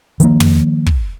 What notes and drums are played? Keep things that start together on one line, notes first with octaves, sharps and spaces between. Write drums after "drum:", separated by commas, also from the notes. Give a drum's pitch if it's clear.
D#3 F3 G3 A#3, drum: hi-hat
drum: tom
drum: kick